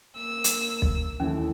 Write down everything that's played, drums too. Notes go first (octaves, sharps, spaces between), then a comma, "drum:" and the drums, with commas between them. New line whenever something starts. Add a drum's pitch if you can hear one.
A#3 E6
drum: hi-hat
drum: kick
D#2 E3 A3 C#4